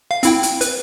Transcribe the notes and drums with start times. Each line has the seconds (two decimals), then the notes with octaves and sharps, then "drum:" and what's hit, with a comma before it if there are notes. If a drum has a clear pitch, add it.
0.11 F5
0.23 C4 E4 G5, drum: hi-hat
0.43 drum: hi-hat
0.61 B4, drum: hi-hat